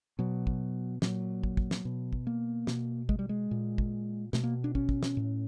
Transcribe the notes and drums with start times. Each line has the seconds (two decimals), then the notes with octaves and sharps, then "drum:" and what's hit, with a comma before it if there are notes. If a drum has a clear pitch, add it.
0.19 B2 F#3
0.47 drum: kick
1.02 A#2 F#3, drum: snare
1.43 drum: kick
1.57 drum: kick
1.71 drum: snare
1.85 B2
2.13 drum: kick
2.27 A#3
2.67 B2, drum: snare
3.09 G#3, drum: kick
3.19 G3
3.29 G#3
3.51 A#2
3.78 drum: kick
4.33 B2 A3, drum: snare
4.44 A#3
4.64 D4
4.75 C#4, drum: kick
4.89 drum: kick
5.03 drum: snare
5.17 A2